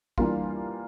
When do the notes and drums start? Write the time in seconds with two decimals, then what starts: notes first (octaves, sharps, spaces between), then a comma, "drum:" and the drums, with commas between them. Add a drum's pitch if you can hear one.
0.18 E3 G3 A#3 D4 F4, drum: kick